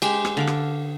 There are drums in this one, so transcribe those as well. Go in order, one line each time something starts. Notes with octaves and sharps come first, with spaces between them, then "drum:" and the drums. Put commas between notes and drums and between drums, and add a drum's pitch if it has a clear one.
G#3 G4, drum: cymbal
drum: rim click
D3 F5 D6
drum: rim click